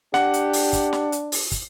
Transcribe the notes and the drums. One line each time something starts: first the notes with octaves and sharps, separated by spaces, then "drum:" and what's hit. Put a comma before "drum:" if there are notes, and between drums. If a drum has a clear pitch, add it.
D4 G4 F#5, drum: snare
drum: hi-hat
drum: open hi-hat
drum: kick, hi-hat
drum: snare
drum: hi-hat
drum: open hi-hat
drum: kick, hi-hat